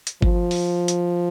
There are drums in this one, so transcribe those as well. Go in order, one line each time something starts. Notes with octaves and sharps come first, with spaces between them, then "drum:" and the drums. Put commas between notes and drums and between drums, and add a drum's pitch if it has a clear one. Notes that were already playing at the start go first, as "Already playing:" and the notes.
drum: hi-hat
F3, drum: kick G1
drum: open hi-hat
drum: hi-hat